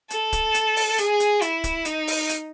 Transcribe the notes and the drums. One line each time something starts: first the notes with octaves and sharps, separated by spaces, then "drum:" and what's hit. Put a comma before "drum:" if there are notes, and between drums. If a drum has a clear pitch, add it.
A4, drum: hi-hat
drum: kick, hi-hat
drum: hi-hat
drum: open hi-hat
G#4, drum: hi-hat
drum: hi-hat
E4, drum: hi-hat
drum: kick, hi-hat
D#4, drum: hi-hat
drum: open hi-hat
drum: hi-hat